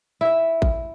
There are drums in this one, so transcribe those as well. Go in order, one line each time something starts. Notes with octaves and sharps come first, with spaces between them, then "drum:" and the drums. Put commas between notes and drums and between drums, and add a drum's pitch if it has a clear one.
E4 E5
drum: kick A1